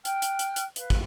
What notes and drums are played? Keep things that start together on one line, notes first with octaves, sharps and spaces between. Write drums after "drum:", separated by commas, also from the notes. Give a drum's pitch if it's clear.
G5 F6 F#6, drum: hi-hat
drum: hi-hat
drum: hi-hat
drum: hi-hat
B4 F5, drum: hi-hat
drum: kick